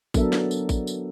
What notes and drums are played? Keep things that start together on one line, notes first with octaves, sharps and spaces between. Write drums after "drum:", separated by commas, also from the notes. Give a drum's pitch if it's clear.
F#3 B3 D4 A4 A#4 E5, drum: kick A1, tambourine
drum: snare
drum: tambourine
drum: kick A1, tambourine
drum: tambourine